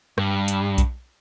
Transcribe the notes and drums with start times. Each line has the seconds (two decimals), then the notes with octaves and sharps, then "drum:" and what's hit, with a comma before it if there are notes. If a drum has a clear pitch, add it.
0.18 G2, drum: rim click
0.48 drum: hi-hat
0.78 drum: kick B1, hi-hat